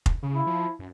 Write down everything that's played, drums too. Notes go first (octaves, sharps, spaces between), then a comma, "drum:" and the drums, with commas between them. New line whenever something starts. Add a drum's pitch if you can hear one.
drum: kick F1
C#3
E4
F3
F#2